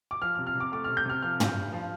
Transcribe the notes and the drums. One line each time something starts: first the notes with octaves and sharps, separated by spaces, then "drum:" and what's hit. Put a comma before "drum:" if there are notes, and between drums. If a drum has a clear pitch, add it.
D6
F3 F6
F6
C3
F6
C3
D6
A3 D6
C3 F6
G6
C3 F6
F3 F6
G2, drum: tom
G2
F3